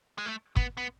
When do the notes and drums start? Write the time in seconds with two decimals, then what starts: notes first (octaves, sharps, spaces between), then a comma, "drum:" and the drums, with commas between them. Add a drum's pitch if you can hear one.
0.18 G#3
0.26 A3
0.56 B3, drum: kick
0.77 B3